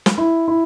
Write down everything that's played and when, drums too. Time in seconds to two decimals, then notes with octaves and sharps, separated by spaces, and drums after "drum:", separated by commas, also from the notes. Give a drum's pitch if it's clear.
0.06 drum: snare
0.18 E4
0.48 E4